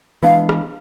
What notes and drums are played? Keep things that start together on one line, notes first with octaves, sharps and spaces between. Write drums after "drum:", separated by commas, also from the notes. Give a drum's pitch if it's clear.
E3 G#3 B3 D4 F5
drum: rim click